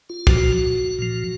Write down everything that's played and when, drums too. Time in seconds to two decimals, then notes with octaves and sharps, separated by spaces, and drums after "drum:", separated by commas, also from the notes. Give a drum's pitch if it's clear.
0.10 F4
0.27 A#2 F3 F#4, drum: kick
0.99 A#2 F3